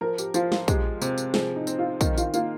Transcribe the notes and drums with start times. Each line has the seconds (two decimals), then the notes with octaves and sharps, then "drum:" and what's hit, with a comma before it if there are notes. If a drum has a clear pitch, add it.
0.01 F3 A#4
0.18 G4, drum: tambourine
0.34 F3 F4, drum: tambourine
0.52 F4, drum: snare
0.68 G#3 G4, drum: kick, tambourine
1.02 C3, drum: tambourine
1.18 drum: tambourine
1.34 F3 G#4, drum: snare
1.56 D#4
1.67 C4, drum: tambourine
1.79 F4
2.01 D#3 D#4, drum: kick, tambourine
2.18 F4, drum: tambourine
2.34 A#3 F4, drum: tambourine